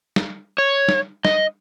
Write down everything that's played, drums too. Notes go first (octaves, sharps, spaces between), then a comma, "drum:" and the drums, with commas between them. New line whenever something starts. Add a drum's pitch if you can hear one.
drum: snare
C#5
drum: snare
D#5, drum: snare